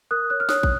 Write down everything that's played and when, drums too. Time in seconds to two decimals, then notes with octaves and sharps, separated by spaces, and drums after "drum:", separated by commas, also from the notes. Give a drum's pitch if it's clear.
0.11 A#4 D#6 F#6
0.30 C#5 F#6
0.40 F6
0.49 C#5 D#6 F#6, drum: snare
0.63 drum: kick